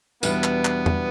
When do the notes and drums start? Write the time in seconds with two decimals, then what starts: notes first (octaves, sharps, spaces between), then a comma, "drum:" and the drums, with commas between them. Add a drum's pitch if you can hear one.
0.23 E2 B2 G3 B3 D4, drum: tambourine
0.44 drum: clap
0.65 drum: clap
0.86 drum: tom E2